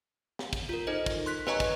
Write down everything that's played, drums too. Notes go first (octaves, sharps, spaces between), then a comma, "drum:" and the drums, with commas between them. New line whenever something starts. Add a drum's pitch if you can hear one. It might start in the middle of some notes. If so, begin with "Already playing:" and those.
drum: snare
drum: kick, hi-hat
F4 A#4
D#4 A4 C5 D#5
drum: kick, hi-hat
C6 F#6 B6
B4 C#5 D#5 G#5 A#5 C#6, drum: snare
drum: kick, hi-hat